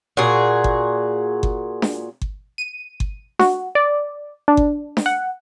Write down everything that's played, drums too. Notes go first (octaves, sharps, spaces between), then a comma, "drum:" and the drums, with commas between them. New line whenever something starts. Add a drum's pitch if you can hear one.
A#2 F#4 G#4
drum: kick G1
drum: kick G1
drum: snare D4
drum: kick G1
D#7
drum: kick G1
F#4, drum: snare D4
D5
D4
drum: kick G1
drum: snare D4
F#5